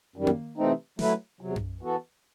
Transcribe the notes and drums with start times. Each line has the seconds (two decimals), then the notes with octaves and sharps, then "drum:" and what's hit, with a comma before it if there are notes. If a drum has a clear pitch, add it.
0.16 F#2 D#3 G3
0.27 drum: tom A#3
0.58 C3 E3 A3 C4 D#4
0.99 F#3 A3 E4 B4, drum: snare
1.41 E2 C3 F#3
1.56 drum: tom F#2
1.81 E3 B3 F#4 A4